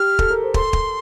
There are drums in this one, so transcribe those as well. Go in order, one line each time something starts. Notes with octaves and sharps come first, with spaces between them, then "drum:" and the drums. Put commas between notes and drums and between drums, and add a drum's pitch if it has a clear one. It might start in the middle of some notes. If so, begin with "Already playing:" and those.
Already playing: G4 F6
A4, drum: kick
A#4
C5
A4 C6, drum: kick
drum: kick